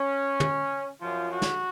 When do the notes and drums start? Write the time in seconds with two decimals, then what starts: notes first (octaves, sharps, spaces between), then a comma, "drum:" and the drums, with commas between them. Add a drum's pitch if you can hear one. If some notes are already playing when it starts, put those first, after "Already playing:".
Already playing: C#4
0.40 drum: tom
1.00 F#2 F3 F4
1.32 F#4
1.42 drum: snare